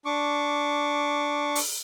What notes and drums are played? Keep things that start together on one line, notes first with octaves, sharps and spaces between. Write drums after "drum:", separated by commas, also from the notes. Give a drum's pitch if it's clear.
D4 C#6 D6
drum: open hi-hat